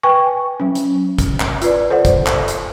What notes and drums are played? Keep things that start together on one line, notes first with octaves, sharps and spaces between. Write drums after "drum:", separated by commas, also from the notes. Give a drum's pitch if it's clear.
B4 G5 G#5 C#6
F#3 C#4
drum: hi-hat
drum: kick, hi-hat
drum: clap
F4 B4 D5, drum: hi-hat
A4 C5 D5 F#5
drum: kick, hi-hat
drum: clap
drum: hi-hat